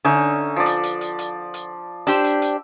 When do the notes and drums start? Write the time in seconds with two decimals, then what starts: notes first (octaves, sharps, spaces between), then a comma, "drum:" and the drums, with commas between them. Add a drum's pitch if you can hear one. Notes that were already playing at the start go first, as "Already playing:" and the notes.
0.05 D3 C#4 D#4 E5
0.56 F3 D5
0.66 drum: hi-hat
0.84 drum: hi-hat
1.01 drum: hi-hat
1.19 drum: hi-hat
1.54 drum: hi-hat
2.07 D4 G4 C5 E6, drum: hi-hat
2.24 drum: hi-hat
2.42 drum: hi-hat